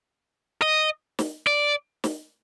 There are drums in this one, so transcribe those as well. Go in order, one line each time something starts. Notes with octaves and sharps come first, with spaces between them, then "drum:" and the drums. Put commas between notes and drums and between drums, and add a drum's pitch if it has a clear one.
D#5
drum: snare
D5
drum: snare